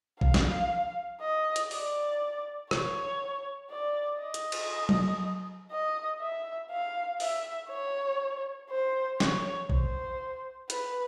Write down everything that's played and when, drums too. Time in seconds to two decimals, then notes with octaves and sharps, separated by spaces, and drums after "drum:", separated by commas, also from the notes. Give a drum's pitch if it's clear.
0.21 F5, drum: kick
0.34 drum: snare
1.21 D#5
1.56 drum: hi-hat
1.71 D5, drum: open hi-hat
2.71 C#5, drum: rim click
3.71 D5
4.21 D#5
4.34 drum: hi-hat
4.52 drum: cymbal
4.89 drum: tom F#3
5.71 D#5
6.21 E5
6.71 F5
7.20 E5, drum: open hi-hat
7.70 C#5
8.70 C5
9.20 C#5, drum: snare
9.69 C5, drum: kick
10.70 B4, drum: hi-hat